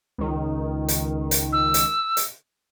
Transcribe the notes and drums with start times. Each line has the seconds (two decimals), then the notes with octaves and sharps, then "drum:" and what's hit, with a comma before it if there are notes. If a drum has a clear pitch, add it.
0.18 C#2 D#3
0.88 drum: hi-hat
1.31 drum: hi-hat
1.53 E6
1.74 drum: hi-hat
2.17 drum: hi-hat